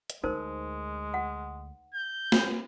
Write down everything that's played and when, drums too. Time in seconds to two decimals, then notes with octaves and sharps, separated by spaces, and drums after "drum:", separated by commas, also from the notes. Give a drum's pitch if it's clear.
0.10 drum: hi-hat
0.24 D2 G#3 D#4 A#4 C5
1.14 F#5
1.94 G6
2.32 drum: snare